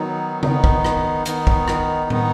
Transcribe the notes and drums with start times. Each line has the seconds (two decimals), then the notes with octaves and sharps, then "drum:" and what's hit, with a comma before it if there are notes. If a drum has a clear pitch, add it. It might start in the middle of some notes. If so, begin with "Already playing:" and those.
Already playing: D#3 F#3 B3 D#4
0.43 D#3 B3 D#4, drum: tom C#3
0.64 drum: kick
0.85 drum: rim click
1.25 D#3 B3 D#4, drum: hi-hat
1.47 drum: kick
1.68 drum: rim click
2.10 D#3 B3 D#4, drum: tom